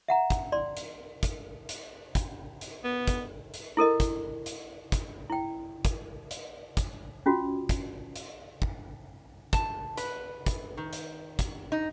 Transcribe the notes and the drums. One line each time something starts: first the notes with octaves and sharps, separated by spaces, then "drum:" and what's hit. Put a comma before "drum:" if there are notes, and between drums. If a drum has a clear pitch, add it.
E5 F#5 A#5
drum: kick, hi-hat
D5 C6
drum: hi-hat
drum: kick, hi-hat
drum: hi-hat
drum: kick, hi-hat
drum: hi-hat
B3
drum: kick, hi-hat
drum: hi-hat
E4 A4 A#4 D#5
drum: kick, hi-hat
drum: hi-hat
drum: kick, hi-hat
E4 G5
drum: kick, hi-hat
drum: hi-hat
drum: kick, hi-hat
C#4 F4 F#4
drum: kick, hi-hat
drum: hi-hat
drum: kick
A5, drum: kick, hi-hat
B4, drum: hi-hat
drum: kick, hi-hat
D#3
drum: hi-hat
drum: kick, hi-hat
D#4